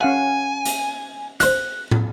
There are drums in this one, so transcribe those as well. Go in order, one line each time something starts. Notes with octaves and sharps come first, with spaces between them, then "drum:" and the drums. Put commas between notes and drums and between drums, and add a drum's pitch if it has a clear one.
C#4 F5 F#5 G#5
drum: hi-hat
D4 C5 F#6, drum: hi-hat
drum: tom